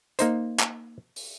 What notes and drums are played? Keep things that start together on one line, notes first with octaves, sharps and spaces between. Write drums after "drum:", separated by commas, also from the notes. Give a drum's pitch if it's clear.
A#3 D#4 C5, drum: hi-hat
drum: clap
drum: open hi-hat